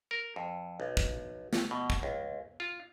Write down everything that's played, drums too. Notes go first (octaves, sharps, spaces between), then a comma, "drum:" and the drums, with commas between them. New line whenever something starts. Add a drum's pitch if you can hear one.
A#4
F2
B1
drum: kick
drum: snare
B2
drum: kick
C#2
F4